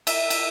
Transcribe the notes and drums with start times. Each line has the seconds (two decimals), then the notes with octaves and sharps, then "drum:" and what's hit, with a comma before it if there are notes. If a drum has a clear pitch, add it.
0.07 E5, drum: cymbal
0.30 drum: cymbal